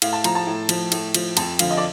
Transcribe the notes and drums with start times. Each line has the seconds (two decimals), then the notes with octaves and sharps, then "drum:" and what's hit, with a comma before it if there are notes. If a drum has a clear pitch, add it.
0.02 A2 F5, drum: cymbal
0.13 A5
0.24 F3 A#5, drum: cymbal
0.35 A5
0.47 A2
0.69 F3, drum: cymbal
0.92 A2, drum: cymbal
1.14 F3, drum: cymbal
1.37 F2 A5, drum: cymbal
1.59 D3 F3 F5, drum: cymbal
1.70 D#5
1.77 D5